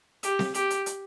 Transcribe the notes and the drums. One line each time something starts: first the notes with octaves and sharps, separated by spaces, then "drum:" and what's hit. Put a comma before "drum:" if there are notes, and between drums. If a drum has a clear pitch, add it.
G4, drum: hi-hat
drum: snare C4
G4, drum: hi-hat
drum: hi-hat
drum: hi-hat